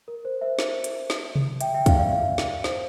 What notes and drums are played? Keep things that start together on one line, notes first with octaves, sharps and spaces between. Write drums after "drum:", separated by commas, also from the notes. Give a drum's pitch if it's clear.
A#4
C5
C5 E5
drum: snare
drum: hi-hat
drum: snare
drum: tom C3
E5 G5, drum: hi-hat
E5 G5
D5 F5, drum: kick, hi-hat
D5 F5
E5
D5 F5
drum: snare
C5, drum: snare